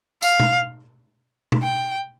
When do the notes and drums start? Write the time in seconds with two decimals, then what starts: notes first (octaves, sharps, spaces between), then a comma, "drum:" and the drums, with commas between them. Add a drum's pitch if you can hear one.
0.22 F5, drum: tambourine
0.40 drum: tom
1.52 drum: tom
1.62 G5